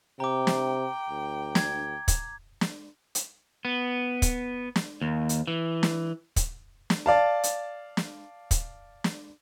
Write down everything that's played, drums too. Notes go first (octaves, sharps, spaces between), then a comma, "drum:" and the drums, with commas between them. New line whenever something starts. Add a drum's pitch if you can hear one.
C3 G5 A#5 D6
drum: snare
D2
G#6, drum: snare
drum: kick, hi-hat
drum: snare
drum: hi-hat
B3
drum: kick, hi-hat
drum: snare
D#2
drum: hi-hat
E3
drum: snare
drum: kick, hi-hat
drum: snare
D5 F5 A5
drum: hi-hat
drum: snare
drum: kick, hi-hat
drum: snare